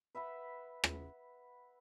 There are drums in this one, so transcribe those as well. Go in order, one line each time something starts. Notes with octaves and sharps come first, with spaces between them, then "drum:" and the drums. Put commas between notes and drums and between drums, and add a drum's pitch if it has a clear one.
B4 E5 F#5 B5
drum: rim click